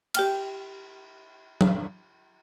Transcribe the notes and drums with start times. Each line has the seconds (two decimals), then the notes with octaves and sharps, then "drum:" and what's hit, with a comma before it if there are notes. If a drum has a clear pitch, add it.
0.14 G4 G5 F6, drum: cymbal
1.61 drum: tom F#3